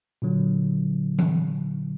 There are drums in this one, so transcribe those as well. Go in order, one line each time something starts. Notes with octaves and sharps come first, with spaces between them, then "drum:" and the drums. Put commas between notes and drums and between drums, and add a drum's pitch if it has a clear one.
A#2 D3 F#3
drum: tom E3